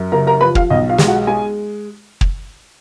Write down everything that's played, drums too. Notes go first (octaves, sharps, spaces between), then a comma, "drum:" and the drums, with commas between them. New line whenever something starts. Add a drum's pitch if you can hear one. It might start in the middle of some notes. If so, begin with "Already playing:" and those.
Already playing: F#2
F#1 A#4 A#5
A#4 A#5
F3 B4 B5
F4 F5, drum: kick
B1 D#5
F4 F5
G#3, drum: snare
F#4 F#5
G#3 G#4 G#5
drum: kick